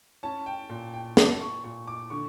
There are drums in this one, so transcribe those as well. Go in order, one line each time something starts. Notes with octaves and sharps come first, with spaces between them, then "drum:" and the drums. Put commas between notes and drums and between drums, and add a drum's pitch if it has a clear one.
C#4 A5
G5
A#2
G5
A#2 A5, drum: snare
C#6
A#2 C#6
D6
D3 C#6